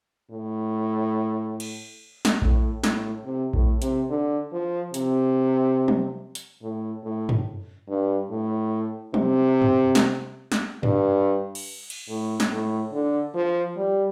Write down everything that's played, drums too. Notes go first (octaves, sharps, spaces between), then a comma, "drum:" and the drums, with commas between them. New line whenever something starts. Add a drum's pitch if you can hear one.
A2
drum: cymbal
drum: snare
A2, drum: kick A#1
A2, drum: snare
C3
A2, drum: kick A#1
C3, drum: hi-hat
D3
F3
C3, drum: hi-hat
drum: tom
drum: hi-hat
A2
A2
drum: tom
G2
A2
C3, drum: tom
drum: tom
drum: snare
drum: snare
G2, drum: tom
drum: cymbal
drum: cymbal
A2
drum: snare
A2
D3
F3
G3